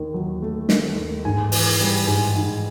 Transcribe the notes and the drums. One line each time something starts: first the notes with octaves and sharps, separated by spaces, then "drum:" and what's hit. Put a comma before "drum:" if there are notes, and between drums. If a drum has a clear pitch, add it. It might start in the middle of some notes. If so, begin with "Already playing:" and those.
Already playing: D#2 D#3
F#3
A3
D#2, drum: snare
D#3
G#2 G#5
E3, drum: open hi-hat
G3
G#2 G#5
G#2